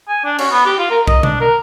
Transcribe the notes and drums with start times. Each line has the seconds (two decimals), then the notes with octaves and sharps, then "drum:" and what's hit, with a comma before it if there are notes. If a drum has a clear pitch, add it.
0.08 G#5
0.25 D4
0.38 C#4, drum: cymbal
0.51 B3
0.66 G4
0.79 F4
0.90 A#4
1.08 D#5, drum: kick B1
1.23 D4, drum: tom B2
1.40 A#4